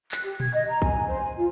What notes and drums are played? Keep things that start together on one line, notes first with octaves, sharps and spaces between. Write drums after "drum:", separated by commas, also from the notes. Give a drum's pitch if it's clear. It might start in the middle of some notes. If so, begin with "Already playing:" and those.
F#6, drum: clap
G4
G#6, drum: tom A#2
D#5
A#5
G#5, drum: kick
C5
G#5
F4